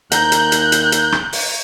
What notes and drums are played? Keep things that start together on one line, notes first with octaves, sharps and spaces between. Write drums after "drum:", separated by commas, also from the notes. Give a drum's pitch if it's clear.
D#2 A#5 F#6 G6, drum: hi-hat
drum: hi-hat
drum: hi-hat
drum: hi-hat
drum: hi-hat
drum: rim click
drum: open hi-hat